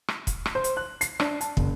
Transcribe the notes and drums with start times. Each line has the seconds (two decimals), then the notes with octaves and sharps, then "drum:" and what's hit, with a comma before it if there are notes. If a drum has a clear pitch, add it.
0.08 drum: rim click
0.27 drum: kick, hi-hat
0.46 drum: rim click
0.55 C5
0.64 drum: hi-hat
0.77 F#6
1.01 C7, drum: hi-hat
1.20 D4, drum: rim click
1.41 A5, drum: hi-hat
1.57 F#1, drum: kick